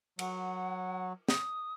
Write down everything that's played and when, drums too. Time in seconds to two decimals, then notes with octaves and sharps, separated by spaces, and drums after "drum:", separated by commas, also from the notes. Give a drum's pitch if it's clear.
0.19 F#3 F#5, drum: cymbal
1.29 D#6, drum: snare